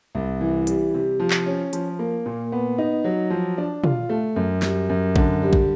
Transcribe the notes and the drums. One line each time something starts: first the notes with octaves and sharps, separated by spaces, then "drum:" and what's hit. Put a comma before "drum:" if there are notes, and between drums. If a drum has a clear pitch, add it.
C2
E3
G3, drum: hi-hat
C3
F3
drum: clap
C#4
F3, drum: hi-hat
A#3
A#2
B3
D#4
F#3
F3
D4
F4, drum: tom
A3
F#2
G3, drum: snare
F#2
D3, drum: kick A#1
G3
drum: kick A#1